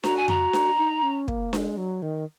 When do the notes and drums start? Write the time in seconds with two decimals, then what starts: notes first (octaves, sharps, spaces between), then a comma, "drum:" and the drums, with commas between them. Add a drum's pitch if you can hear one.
0.04 F#4 A#5, drum: snare D4
0.16 G#5
0.28 A#5, drum: tom F2
0.53 drum: snare D4
0.78 D#4
1.03 C#4
1.28 A#3, drum: kick
1.53 G#3, drum: snare D4
1.77 F#3
2.02 D#3